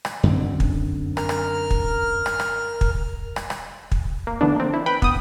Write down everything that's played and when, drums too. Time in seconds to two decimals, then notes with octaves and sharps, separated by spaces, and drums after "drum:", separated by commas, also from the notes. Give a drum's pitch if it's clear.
0.05 drum: rim click
0.23 F#2 D3 C4
0.60 drum: kick
1.17 A#4 F6, drum: rim click
1.29 drum: rim click
1.70 drum: kick
2.26 drum: rim click
2.40 drum: rim click
2.81 drum: kick
3.36 drum: rim click
3.50 drum: rim click
3.92 drum: kick
4.27 A#3
4.41 D3 E3 A3 B3 D4
4.56 A#3 C4
4.74 E4
4.86 B4 G5 B5
5.02 B3 D#6, drum: kick